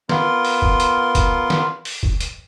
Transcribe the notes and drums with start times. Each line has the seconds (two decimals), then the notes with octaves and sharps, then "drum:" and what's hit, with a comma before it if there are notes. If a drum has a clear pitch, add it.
0.09 B3 F4 A#4 C6, drum: snare
0.45 drum: open hi-hat
0.62 drum: kick
0.80 drum: hi-hat
1.15 drum: kick, hi-hat
1.50 drum: snare
1.85 drum: open hi-hat
2.03 drum: kick
2.20 drum: hi-hat